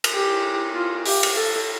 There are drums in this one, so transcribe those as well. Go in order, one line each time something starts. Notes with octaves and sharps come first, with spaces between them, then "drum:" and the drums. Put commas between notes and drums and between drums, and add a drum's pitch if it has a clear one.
drum: cymbal
G4
F4
G4, drum: open hi-hat
drum: cymbal
A4